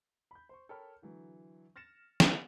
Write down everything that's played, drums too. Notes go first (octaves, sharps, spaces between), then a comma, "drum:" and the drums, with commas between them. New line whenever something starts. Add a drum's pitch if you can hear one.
B5 G6
C5 C#6
A4 A#4 C#5 G5 B5 F6
D3 E3 F#3
F6 A6 A#6 C#7 E7
drum: snare